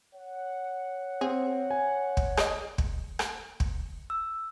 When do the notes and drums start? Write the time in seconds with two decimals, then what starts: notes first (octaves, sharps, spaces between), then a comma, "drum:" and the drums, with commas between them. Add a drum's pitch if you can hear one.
0.15 C#5 F#5
1.21 C4 G#4
1.71 G#5
2.17 drum: kick
2.37 G#4 D5 D#5, drum: rim click
2.78 drum: kick
3.19 drum: rim click
3.60 drum: kick
4.10 E6